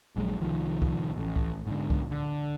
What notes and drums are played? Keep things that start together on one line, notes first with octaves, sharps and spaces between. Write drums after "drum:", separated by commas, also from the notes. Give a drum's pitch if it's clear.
D#1 A#1 F#3 G#3
C2 D#3 F3
drum: kick C2
A1
drum: kick C2
G#2 D3
drum: kick C2
D3